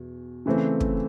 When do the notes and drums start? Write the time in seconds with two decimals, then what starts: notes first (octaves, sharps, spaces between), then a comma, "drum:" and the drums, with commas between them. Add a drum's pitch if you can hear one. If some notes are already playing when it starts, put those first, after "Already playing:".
Already playing: E2 B2
0.46 C#3 E3 A3 C4
0.80 drum: kick